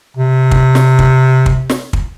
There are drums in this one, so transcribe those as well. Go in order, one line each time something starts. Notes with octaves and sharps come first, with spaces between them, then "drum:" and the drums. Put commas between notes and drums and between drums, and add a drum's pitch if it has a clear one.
C3
drum: kick
drum: snare
drum: kick
drum: kick
drum: snare
drum: kick